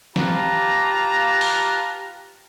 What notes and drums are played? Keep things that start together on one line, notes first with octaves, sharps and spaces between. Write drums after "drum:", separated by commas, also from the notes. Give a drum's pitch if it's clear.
F4 G4 B4 F5 A5 A#5, drum: snare
drum: open hi-hat